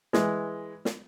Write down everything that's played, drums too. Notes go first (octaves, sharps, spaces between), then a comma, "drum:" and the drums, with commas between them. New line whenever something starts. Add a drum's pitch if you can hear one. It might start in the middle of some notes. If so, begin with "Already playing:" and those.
E3 G#3, drum: snare
drum: snare